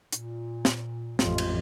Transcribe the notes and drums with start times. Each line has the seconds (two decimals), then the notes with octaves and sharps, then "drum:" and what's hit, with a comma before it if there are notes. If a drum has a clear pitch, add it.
0.13 A#2, drum: hi-hat
0.65 drum: snare
1.19 A1 F2 G#3 F4, drum: snare
1.38 drum: cymbal